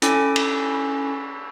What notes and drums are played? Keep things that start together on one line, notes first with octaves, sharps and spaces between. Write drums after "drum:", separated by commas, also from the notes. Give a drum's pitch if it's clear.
C#4 E4 A4 G5 G#5 D6, drum: hi-hat
drum: cymbal